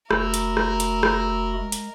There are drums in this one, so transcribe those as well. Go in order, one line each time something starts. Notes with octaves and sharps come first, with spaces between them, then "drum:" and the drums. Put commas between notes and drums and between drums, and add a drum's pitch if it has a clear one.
F1 A3 F#4 A#4 B5 E6, drum: rim click
drum: hi-hat
drum: rim click
drum: hi-hat
drum: rim click
G#3
drum: hi-hat